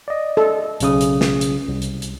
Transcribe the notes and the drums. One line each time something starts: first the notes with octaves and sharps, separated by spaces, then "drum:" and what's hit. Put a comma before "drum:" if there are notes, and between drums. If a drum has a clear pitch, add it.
D5 D#5
A4
B1 C#3 D#6, drum: hi-hat
drum: hi-hat
drum: snare
drum: hi-hat
C2
drum: hi-hat
drum: hi-hat